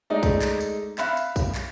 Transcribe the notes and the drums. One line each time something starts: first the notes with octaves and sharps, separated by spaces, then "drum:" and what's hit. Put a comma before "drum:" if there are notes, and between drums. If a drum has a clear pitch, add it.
G#3 A3 D#4 D5
drum: kick, tambourine
drum: clap
drum: tambourine
E5 F5 B5 F#6, drum: clap
drum: tambourine
drum: kick, tambourine
drum: clap